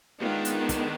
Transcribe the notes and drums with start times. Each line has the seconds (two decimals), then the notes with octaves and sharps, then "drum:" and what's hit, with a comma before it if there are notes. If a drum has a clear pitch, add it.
0.21 D#3 G#3 B3 D4 F4
0.45 drum: hi-hat
0.69 drum: kick, hi-hat